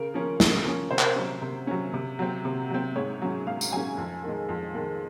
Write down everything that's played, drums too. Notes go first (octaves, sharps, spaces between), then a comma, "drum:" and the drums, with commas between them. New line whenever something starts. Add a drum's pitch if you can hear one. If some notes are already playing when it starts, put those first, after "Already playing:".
Already playing: C#3 A#4
F3 A#3 C#4
C#3, drum: snare
F3 A#3 C#4
C3 C5
A#4, drum: clap
C5
F#3 C#4
C3
F#3 C#4
C3
F#3 C4
C3
F#3 C4
G#2 C#5
F#3 C#4
G#2 F5
drum: tambourine
F#3 C#4 G#5
F2
D#3 G#3
F2
D#3 G#3